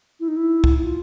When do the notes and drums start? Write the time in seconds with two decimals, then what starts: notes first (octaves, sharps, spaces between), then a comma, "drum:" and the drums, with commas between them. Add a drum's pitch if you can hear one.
0.20 E4
0.28 D#4
0.36 E4
0.64 drum: kick
0.78 E4
0.84 F4